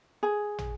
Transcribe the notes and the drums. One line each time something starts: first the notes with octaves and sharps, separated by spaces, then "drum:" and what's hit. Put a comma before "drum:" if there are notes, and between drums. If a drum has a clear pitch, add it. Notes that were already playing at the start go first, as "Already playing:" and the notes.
G#4
drum: tom